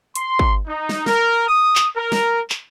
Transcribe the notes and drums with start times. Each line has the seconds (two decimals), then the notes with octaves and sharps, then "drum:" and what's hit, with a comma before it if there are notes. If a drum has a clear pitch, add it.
0.15 C6, drum: hi-hat
0.39 drum: kick
0.67 D#4
0.89 drum: snare
1.06 A#4, drum: snare
1.48 D#6
1.75 drum: clap
1.95 A#4
2.12 drum: snare
2.50 drum: clap